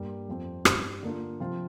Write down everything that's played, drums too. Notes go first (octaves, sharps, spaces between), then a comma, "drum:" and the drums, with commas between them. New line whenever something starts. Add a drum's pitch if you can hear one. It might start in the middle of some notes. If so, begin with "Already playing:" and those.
Already playing: G2 G3 A#3
F2 F3 C4
G2 G3 C4, drum: rim click
D3 A#3 D4 F4
C3 F3 C4 F4